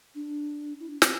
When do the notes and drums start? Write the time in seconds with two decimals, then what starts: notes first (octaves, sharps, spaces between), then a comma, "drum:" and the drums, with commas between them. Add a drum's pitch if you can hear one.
0.15 D4
0.80 E4
0.90 D4
1.02 C4, drum: snare